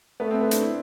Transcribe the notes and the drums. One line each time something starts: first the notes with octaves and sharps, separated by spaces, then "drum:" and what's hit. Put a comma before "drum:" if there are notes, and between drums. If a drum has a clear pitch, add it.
A3 B3 B4
C4 C5
B3 B4
D4, drum: hi-hat
E4